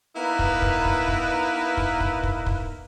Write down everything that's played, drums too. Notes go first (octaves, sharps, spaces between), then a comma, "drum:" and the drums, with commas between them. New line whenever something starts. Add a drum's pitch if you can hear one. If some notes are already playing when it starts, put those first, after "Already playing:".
A#3 B3 D#4 E4 A#4 B4
drum: kick
drum: kick
drum: kick
drum: kick
drum: kick
drum: kick
drum: kick
drum: kick